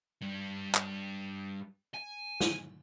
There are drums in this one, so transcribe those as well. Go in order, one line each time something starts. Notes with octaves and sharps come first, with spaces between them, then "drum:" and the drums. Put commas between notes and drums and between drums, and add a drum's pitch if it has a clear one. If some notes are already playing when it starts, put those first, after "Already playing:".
G2 G3
drum: clap
G#5
drum: snare